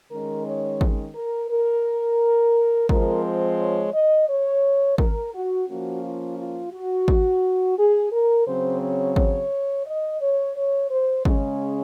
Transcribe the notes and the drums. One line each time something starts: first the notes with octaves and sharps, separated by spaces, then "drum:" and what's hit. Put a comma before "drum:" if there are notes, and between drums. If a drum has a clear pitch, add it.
D#3 G#3 C#4 A#4
C#5
drum: kick
A#4
A#4
F3 G#3 C4 A#4, drum: kick
C5
C#5
D#5
C#5
A#4, drum: kick
F#4
F3 A#3 C#4 F#4
F4
F4
F#4
drum: kick
G#4
A#4
C#3 F#3 C4 C5
C#5
C#5, drum: kick
D#5
C#5
C#5
C5
C#3 G#3 C#4, drum: kick